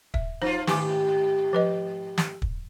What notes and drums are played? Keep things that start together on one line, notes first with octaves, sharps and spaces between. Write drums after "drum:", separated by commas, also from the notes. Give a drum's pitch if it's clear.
E5, drum: kick
F3 D#4 F4 C5
G#2 D#3 G4 G#5 D6, drum: snare
F3 B4 D#5
drum: snare
drum: kick